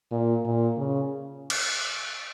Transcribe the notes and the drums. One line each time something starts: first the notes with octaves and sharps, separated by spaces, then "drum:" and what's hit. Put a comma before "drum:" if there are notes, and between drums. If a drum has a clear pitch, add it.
A#2
A#2
C#3
drum: cymbal